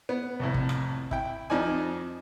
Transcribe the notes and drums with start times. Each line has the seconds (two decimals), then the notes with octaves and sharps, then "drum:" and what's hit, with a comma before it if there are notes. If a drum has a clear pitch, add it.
0.09 B3
0.40 C2 F2 A2
0.54 drum: kick
0.69 drum: rim click
1.11 E4 G5, drum: kick
1.50 F2 F3 D#4 D5 G#5